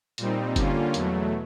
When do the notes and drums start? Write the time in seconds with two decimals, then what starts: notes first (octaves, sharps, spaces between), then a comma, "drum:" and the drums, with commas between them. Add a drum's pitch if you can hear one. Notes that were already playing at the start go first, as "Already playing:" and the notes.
0.18 A#2 G3 C4 D#4, drum: hi-hat
0.56 D3 G3 A#3 C#4 F4, drum: kick F#1, hi-hat
0.94 E2 B2 F#3 A3, drum: hi-hat